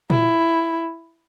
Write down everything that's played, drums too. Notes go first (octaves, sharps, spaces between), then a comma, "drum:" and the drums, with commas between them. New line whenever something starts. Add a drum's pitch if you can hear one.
E4, drum: tom A#2